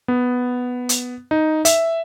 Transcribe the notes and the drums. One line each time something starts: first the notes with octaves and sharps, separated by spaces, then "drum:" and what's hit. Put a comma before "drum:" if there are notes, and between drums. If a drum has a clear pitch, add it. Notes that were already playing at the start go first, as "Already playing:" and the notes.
B3
drum: hi-hat
D#4
E5, drum: hi-hat